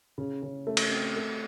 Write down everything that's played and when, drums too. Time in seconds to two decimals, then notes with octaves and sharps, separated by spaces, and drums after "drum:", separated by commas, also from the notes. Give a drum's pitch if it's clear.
0.18 C#3
0.43 C#3
0.67 A3
0.77 drum: cymbal
0.91 C4
1.16 A3